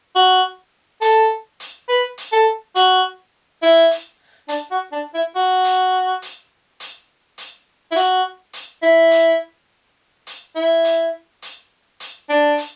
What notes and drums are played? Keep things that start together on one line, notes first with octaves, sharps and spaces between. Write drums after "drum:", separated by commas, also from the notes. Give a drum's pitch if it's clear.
F#4
A4, drum: hi-hat
drum: hi-hat
B4
drum: hi-hat
A4
F#4, drum: hi-hat
E4
drum: hi-hat
D4, drum: hi-hat
F#4
D4
E4
F#4
drum: hi-hat
drum: hi-hat
drum: hi-hat
drum: hi-hat
E4
F#4, drum: hi-hat
drum: hi-hat
E4
drum: hi-hat
drum: hi-hat
E4
drum: hi-hat
drum: hi-hat
drum: hi-hat
D4
drum: hi-hat